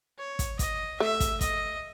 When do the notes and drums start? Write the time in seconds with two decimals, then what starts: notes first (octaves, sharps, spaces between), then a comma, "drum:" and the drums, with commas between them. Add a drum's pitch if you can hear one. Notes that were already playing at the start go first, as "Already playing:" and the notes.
0.18 C#5
0.39 drum: kick, hi-hat
0.59 D#5, drum: kick, hi-hat
1.00 A3 E5
1.20 drum: kick, hi-hat
1.41 D#5, drum: kick, hi-hat